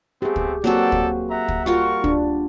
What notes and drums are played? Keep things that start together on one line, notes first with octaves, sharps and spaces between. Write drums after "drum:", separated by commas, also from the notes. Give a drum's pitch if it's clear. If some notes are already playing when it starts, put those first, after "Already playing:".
A3 B3 C4 G4 G#4
drum: kick
F#3 A#3 C4 F#4 G4 A4 D5
drum: kick
E5 F#5 A#5
drum: kick
G3 F4 F#4 A#4 C#6
D4, drum: kick